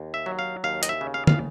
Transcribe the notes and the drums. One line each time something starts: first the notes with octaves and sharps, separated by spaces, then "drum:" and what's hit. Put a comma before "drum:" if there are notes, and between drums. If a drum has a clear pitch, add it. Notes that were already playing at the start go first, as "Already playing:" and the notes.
Already playing: D#2
E5
F#3
F5
D#2 F5
D#5, drum: hi-hat
E5
C#3
F5
F5, drum: tom